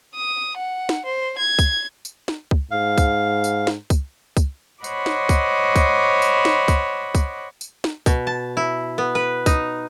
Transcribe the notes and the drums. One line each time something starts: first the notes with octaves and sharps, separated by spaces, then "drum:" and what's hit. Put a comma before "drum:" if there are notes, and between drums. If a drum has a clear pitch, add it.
D#6
F#5
drum: snare
C5
G#6
drum: kick C#2, tambourine
drum: tambourine
drum: snare
drum: kick C#2
G#2 F5
drum: kick C#2, tambourine
drum: tambourine
drum: snare
drum: kick C#2, tambourine
drum: kick C#2, tambourine
C5 C#5 D#5 F#5 B5 D6, drum: tambourine
drum: snare
drum: kick C#2, tambourine
drum: kick C#2, tambourine
drum: tambourine
drum: snare
drum: kick C#2, tambourine
drum: kick C#2, tambourine
drum: tambourine
drum: snare
B2, drum: kick C#2, tambourine
A5
E4
B3
B4
D#4, drum: kick C#2, tambourine